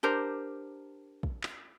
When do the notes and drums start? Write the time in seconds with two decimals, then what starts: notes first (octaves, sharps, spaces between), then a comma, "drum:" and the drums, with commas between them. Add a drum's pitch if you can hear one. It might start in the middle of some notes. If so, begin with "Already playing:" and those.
0.03 D4 G4 A#4 C5
1.23 drum: kick
1.43 drum: clap